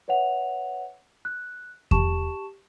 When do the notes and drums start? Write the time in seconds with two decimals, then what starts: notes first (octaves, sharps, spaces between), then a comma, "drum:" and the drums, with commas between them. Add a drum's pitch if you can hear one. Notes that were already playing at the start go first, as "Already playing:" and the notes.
0.08 B4 C#5 E5 F#5 F7
1.25 F#6
1.91 G4 A5 C#6 E7, drum: kick E2